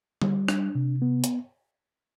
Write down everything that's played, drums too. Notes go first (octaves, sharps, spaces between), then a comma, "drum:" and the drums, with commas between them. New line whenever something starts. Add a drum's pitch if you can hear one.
G3, drum: tom D3
D4, drum: rim click
C3
B3
drum: hi-hat